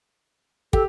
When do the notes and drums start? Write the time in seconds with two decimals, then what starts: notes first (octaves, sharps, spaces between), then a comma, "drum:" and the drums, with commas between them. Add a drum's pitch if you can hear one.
0.73 G4 A4, drum: kick